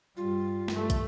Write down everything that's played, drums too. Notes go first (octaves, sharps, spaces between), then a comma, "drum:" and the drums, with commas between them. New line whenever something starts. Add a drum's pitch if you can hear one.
G2 G3 F4
G2 A3, drum: snare
drum: kick, hi-hat